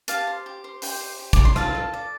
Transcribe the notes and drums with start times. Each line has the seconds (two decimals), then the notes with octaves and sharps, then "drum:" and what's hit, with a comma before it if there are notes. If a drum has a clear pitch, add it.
0.08 G4 F5 A5, drum: hi-hat
0.27 C5
0.46 G4
0.64 C5
0.82 G4 G5 C6, drum: open hi-hat
1.01 C5
1.19 G4
1.33 C5 D6, drum: kick, hi-hat
1.45 C6
1.56 F4 F5 A5, drum: rim click
1.75 A4
1.94 D5